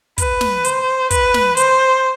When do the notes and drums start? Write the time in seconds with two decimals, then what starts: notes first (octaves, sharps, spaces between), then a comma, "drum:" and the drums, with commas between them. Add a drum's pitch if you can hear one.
0.18 B4, drum: kick, hi-hat
0.41 drum: snare
0.64 C5, drum: hi-hat
1.11 B4, drum: kick, hi-hat
1.34 drum: snare
1.57 C5, drum: hi-hat